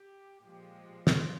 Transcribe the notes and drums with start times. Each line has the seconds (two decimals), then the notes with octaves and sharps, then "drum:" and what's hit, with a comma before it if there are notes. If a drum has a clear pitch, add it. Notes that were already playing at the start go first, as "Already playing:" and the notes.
Already playing: G4
0.40 A#2 F3 G#3 G4
1.07 F4, drum: snare